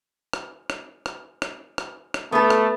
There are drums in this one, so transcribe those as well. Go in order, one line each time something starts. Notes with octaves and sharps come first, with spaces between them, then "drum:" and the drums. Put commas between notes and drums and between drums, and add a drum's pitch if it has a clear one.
drum: rim click
drum: rim click
drum: rim click
drum: rim click
drum: rim click
drum: rim click
A3 B3 A4
drum: rim click